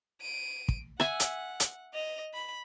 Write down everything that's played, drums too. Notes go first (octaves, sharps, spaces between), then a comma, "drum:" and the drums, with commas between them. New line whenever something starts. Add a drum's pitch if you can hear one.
D7 D#7
drum: kick
E5 F#5 G#5, drum: rim click
drum: hi-hat
drum: hi-hat
D#5 F7
B5